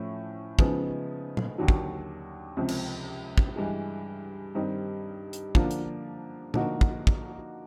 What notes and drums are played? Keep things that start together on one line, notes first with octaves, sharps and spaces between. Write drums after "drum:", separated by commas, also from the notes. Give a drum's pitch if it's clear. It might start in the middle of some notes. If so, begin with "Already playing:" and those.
Already playing: A2 F3 A3 C#4
C#3 F3 G#3 B3 D#4, drum: kick
drum: tom A#2
D#2 D3 F#3
drum: kick
C#2 C3 F3
drum: cymbal
drum: kick
G2 E3 G#3
G2 D#3 G3 C4 D#4
drum: hi-hat
D3 F3 A#3 D4 F4, drum: kick
drum: hi-hat
D3 F3 A#3 D#4 F#4, drum: tom A#2
drum: kick
drum: kick